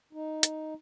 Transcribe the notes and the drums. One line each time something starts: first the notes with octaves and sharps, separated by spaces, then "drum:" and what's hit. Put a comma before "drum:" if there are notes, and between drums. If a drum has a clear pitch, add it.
D#4
drum: hi-hat